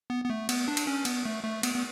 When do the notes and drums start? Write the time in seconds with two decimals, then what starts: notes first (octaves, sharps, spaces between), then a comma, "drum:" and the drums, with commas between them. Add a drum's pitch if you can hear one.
0.10 B3
0.24 B3
0.30 A3
0.49 B3, drum: cymbal
0.68 D4
0.77 drum: cymbal
0.87 C#4
1.05 B3, drum: cymbal
1.25 A3
1.44 A3
1.63 B3, drum: cymbal
1.74 B3